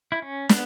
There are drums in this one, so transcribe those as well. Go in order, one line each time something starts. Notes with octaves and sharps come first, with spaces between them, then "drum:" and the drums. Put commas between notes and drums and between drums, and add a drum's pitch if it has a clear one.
E4
C#4
B3, drum: snare